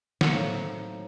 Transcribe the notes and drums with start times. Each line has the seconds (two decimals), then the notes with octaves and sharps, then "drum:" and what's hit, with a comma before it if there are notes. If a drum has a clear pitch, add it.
0.21 F#5, drum: snare
0.32 A2 F#3 A3 C4 D#4 F5